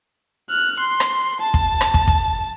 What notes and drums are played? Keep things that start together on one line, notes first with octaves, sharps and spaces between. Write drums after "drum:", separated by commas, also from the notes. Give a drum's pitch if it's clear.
F6 F#6
C6
drum: rim click
A5
drum: kick
drum: rim click
drum: kick
drum: kick